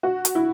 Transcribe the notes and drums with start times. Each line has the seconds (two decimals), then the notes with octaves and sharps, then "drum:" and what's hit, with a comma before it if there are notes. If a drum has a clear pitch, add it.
0.03 F#4
0.25 drum: hi-hat
0.35 E4